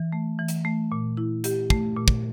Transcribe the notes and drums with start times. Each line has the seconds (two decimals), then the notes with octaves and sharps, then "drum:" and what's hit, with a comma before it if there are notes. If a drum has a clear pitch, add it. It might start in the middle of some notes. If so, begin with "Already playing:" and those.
Already playing: E3
0.13 A3
0.39 E3
0.48 drum: hi-hat
0.65 A3
0.92 A#2
1.17 E4
1.44 G4, drum: hi-hat
1.70 A3, drum: kick
1.96 A#2
2.08 drum: kick